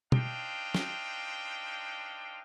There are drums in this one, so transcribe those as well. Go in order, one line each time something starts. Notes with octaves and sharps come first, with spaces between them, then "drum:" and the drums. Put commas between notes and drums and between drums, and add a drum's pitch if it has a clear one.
D4 D#4 C5 F5 G5, drum: tom
drum: snare